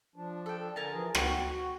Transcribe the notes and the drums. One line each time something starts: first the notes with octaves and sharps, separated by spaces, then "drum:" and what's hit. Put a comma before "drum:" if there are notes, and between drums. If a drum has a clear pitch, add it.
F3 D4
A4 G5
D3 A#4 G#5 A5
E3 F3 G#4
F#4 G5 A5 C#6, drum: rim click